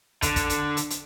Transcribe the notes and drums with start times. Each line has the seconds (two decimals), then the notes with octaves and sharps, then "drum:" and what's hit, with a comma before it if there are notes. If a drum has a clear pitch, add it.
0.22 D3, drum: kick, hi-hat
0.36 drum: kick, hi-hat
0.50 drum: hi-hat
0.77 drum: hi-hat
0.90 drum: hi-hat